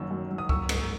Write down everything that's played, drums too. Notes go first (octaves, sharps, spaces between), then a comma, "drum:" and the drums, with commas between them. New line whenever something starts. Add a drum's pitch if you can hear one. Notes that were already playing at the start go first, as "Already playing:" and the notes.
Already playing: F#1 F#2 D#3 F#3 C#6 E6
F#2
F#3
D#6
A#3 C#6 E6, drum: kick C#2
G#2, drum: cymbal